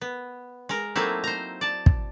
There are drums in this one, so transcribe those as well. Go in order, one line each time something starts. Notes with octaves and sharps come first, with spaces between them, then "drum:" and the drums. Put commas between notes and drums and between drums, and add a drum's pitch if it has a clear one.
B3
G#3 A#4
F#3 A3 A#3 C4 D#4 E4
C5 A#5
D5 A5
drum: kick